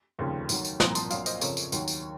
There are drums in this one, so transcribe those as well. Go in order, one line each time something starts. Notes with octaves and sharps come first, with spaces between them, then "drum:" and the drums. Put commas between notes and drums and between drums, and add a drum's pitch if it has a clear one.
F1 D#2 C#3 F3
D#2 D#3 F#3, drum: tambourine
drum: tambourine
C2 A#2 F3 C6 D#6, drum: snare
A#5
A5 C6, drum: tambourine
A#1 A#2 F#3 C#5 F5, drum: tambourine
C5 D#5, drum: tambourine
F2 C#3 F3 A#4 C#5, drum: tambourine
drum: tambourine
D#2 D#3 F#3, drum: tambourine
drum: tambourine